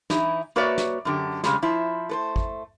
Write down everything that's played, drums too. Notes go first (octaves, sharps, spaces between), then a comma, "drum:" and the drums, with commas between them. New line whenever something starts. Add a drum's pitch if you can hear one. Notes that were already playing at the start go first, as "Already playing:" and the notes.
E3 D#4 E4, drum: snare
A#3 F#4 B4 C#5 D5 E5
drum: snare
F#2 D3 G4
C#3 G3 G#3, drum: snare
F3 E4 C5
A3 B4 C5
drum: kick